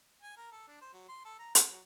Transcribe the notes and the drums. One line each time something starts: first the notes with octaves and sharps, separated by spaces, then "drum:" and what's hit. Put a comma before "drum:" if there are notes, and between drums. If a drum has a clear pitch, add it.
G#5
A#4
A4
D4
C5
F#3
C6
A4
A#5
F#5, drum: hi-hat
F#3